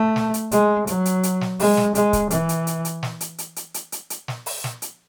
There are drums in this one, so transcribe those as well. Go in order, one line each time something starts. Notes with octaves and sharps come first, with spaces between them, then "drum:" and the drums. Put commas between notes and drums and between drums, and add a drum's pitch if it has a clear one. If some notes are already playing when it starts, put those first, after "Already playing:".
Already playing: A3
drum: snare
drum: hi-hat
G#3, drum: hi-hat
F#3, drum: hi-hat
drum: hi-hat
drum: hi-hat
drum: snare
G#3, drum: open hi-hat
drum: snare
G#3, drum: hi-hat
drum: kick C#1, hi-hat
E3, drum: hi-hat
drum: hi-hat
drum: hi-hat
drum: hi-hat
drum: snare
drum: hi-hat
drum: hi-hat
drum: hi-hat
drum: hi-hat
drum: hi-hat
drum: hi-hat
drum: snare
drum: open hi-hat
drum: snare
drum: hi-hat